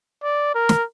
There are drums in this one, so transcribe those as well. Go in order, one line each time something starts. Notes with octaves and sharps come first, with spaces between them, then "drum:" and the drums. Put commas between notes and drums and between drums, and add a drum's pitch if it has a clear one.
D5
A#4
drum: snare